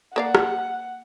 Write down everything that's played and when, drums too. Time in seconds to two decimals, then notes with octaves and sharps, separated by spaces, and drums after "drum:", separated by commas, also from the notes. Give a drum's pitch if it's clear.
0.16 A#3 D5 F5 F#5
0.35 drum: rim click